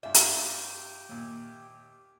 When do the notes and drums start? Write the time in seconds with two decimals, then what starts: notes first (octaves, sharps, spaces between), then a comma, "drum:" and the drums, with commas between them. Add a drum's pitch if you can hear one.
0.03 G2 F4 G4 E5
0.14 drum: hi-hat
1.09 D#2 A#2